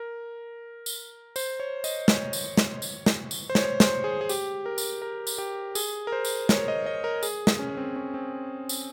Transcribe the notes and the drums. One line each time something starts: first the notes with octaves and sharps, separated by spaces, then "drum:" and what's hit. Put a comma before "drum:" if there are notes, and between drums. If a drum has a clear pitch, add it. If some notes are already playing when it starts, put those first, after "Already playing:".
Already playing: A#4
drum: tambourine
C5, drum: tambourine
C#5
D#5, drum: tambourine
C#5, drum: snare
drum: tambourine
drum: snare
drum: tambourine
drum: snare
drum: tambourine
C5
C#5, drum: snare
C5, drum: snare
G#4
G#4
G4, drum: tambourine
A#4
drum: tambourine
A#4
drum: tambourine
G4
G#4, drum: tambourine
A#4
C5
drum: tambourine
C#5, drum: snare
D#5
D#5
A#4
G#4, drum: tambourine
drum: snare
C#4
C4
C#4
C4
drum: tambourine